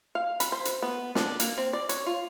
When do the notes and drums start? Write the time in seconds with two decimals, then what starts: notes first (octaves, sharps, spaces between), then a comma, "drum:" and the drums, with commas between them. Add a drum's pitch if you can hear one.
0.15 F5
0.40 B5, drum: hi-hat
0.52 C5
0.65 drum: hi-hat
0.82 B3
1.15 D4, drum: snare
1.40 A#3, drum: hi-hat
1.58 C4
1.73 D5
1.89 C#5, drum: hi-hat
2.06 F4